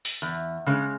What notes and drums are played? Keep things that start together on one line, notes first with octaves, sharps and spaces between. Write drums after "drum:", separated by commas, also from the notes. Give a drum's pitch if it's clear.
drum: open hi-hat
E2
C#3 G#3